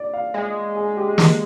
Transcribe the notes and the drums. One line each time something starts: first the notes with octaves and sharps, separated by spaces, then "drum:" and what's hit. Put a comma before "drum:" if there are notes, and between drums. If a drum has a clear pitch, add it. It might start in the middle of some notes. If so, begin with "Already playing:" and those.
Already playing: D5
F5
G#3 D#5
G#4
G4
drum: snare